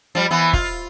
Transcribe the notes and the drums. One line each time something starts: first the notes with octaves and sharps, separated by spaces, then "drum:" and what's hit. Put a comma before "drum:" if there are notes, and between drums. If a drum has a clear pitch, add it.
F3 G3
E3 B3
F4, drum: kick